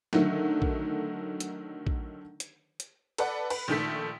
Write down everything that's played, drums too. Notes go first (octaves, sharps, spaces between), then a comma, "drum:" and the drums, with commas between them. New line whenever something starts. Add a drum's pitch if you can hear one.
D3 D#3 F#3 A3, drum: snare
drum: kick
drum: hi-hat
drum: kick
drum: hi-hat
drum: hi-hat
A4 B4 D5 F#5, drum: cymbal
B4, drum: cymbal
A#1 D#3 A3 B6